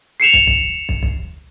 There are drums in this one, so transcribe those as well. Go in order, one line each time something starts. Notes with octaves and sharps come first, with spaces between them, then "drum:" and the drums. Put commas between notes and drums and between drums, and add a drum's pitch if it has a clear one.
C7 C#7 E7 F7
drum: kick
drum: kick
drum: kick
drum: kick